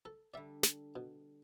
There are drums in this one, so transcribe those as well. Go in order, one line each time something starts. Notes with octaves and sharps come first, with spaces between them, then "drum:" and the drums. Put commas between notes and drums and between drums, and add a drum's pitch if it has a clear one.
A4
D3 G3 D5 E5
drum: snare
B2